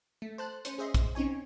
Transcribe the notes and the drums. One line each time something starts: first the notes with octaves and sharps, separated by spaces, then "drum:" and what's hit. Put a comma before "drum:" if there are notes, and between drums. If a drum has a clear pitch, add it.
A3
C5 A5 F#6
C#4 C5 C#7, drum: hi-hat
G#4 C5 D#5 E5 C6
drum: kick, hi-hat
C4 C#4 D#4 C#5 G#5